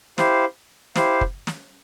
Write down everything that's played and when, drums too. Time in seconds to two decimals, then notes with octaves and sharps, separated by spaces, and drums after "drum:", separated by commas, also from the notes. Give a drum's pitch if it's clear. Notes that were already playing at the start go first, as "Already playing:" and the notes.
0.18 E4 G4 C5 F5, drum: snare
0.96 E4 G4 C5 F5, drum: snare
1.21 drum: kick
1.47 drum: snare